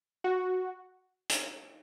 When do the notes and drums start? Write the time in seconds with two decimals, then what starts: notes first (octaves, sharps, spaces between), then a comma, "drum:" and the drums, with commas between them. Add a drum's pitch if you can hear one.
0.24 F#4
1.29 drum: hi-hat